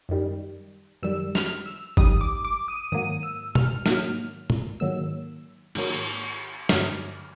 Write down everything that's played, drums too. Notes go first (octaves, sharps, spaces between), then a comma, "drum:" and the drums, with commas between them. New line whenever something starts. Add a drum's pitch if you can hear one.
F#2 D#3 G3
F#2 D#3 G3 E6
F6, drum: snare
E6
F#2 D#3 G3 D#6, drum: kick G1
D6
D6
D#6
G#2 D#3 F#3 A#3 D#6
E6
F6, drum: tom
G#2 D#3 F#3 A#3 F6, drum: snare
drum: tom
G#2 D#3 F#3 A#3 E6
G#2 D#3 F#3 A#3, drum: cymbal
G2 D3 F#3 F6, drum: snare